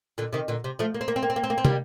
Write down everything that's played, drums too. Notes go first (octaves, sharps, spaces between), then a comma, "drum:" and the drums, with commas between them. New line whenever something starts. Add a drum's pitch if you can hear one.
A#2 D3
C3 D#3
A#2 D3
C3
F3 A3
A#3
C4
A#3
C4
A#3
C4
A#3
C4
A#3
C4
G3 A#3, drum: tom